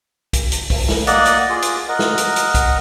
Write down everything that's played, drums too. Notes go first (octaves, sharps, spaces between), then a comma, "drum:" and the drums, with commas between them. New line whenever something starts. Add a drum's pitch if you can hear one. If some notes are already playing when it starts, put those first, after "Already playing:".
drum: kick B1, hi-hat
drum: hi-hat
drum: kick B1, open hi-hat
drum: snare
A#3 D5 D#5 F#5, drum: hi-hat
drum: hi-hat
F4 G#4
drum: hi-hat
A#4 D#5 F#5
drum: snare
drum: hi-hat
drum: hi-hat
drum: kick B1, hi-hat